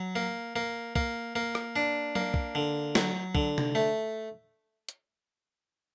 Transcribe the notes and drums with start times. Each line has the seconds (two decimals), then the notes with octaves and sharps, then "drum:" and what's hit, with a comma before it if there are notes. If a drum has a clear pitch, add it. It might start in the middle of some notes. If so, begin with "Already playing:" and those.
Already playing: F#3
0.16 A#3
0.56 A#3
0.96 A#3, drum: kick
1.36 A#3
1.55 drum: rim click
1.76 D4
2.15 A#3, drum: tom F#3
2.34 drum: kick
2.55 D3
2.95 F#3, drum: snare
3.35 D3, drum: kick
3.58 drum: tom C3
3.75 A3
4.89 drum: hi-hat